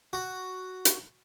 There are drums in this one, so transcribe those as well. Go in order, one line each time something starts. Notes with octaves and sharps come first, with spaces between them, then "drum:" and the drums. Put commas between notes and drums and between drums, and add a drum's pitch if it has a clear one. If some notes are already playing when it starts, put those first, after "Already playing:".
F#4
drum: hi-hat